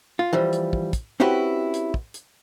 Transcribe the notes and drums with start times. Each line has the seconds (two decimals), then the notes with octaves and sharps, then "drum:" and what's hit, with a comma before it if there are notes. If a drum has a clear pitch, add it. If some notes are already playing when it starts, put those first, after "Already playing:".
0.19 F4
0.33 E3 F3 G3
0.53 drum: hi-hat
0.73 drum: kick
0.93 drum: kick, hi-hat
1.20 C4 C#4 E4 F#4 G4 B4
1.74 drum: hi-hat
1.94 drum: kick
2.14 drum: hi-hat